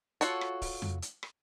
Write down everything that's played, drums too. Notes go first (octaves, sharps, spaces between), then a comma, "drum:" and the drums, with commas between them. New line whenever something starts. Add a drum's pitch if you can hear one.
F4 F#4 A4 C#5, drum: hi-hat
drum: rim click
drum: kick, open hi-hat
drum: tom F2
drum: hi-hat
drum: rim click